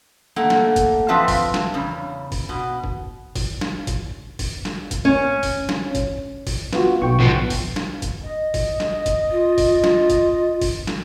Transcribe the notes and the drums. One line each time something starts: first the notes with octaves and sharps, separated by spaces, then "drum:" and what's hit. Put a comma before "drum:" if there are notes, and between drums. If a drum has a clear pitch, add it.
A3 A#3 A4 F#5
drum: snare
drum: kick, hi-hat
F3 C4 B4 E5 F5 A5
drum: kick, open hi-hat
drum: snare
E2 C#3
drum: kick, open hi-hat
B2
drum: kick
drum: kick, open hi-hat
drum: snare
drum: kick, hi-hat
drum: kick, open hi-hat
drum: snare
drum: kick, hi-hat
C#4
drum: kick, open hi-hat
drum: snare
drum: kick, hi-hat
drum: kick, open hi-hat
B3 F4 F#4, drum: snare
B1 G5 C#6
F3 B3
drum: kick, open hi-hat
drum: snare
drum: kick, hi-hat
D#5
drum: kick, open hi-hat
drum: snare
drum: kick, hi-hat
F4
drum: kick, open hi-hat
drum: snare
drum: kick, hi-hat
drum: kick, open hi-hat
drum: snare